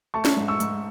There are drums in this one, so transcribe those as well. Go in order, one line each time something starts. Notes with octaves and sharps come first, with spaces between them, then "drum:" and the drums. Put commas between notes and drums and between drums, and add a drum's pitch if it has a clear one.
A3 A5 C#6
drum: snare
G#2
C#6 E6
G#2, drum: hi-hat